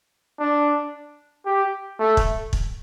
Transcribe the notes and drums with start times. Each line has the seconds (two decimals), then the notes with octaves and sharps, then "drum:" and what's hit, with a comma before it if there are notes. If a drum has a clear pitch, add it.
0.40 D4
1.46 G4
1.99 A3
2.17 drum: kick
2.53 drum: kick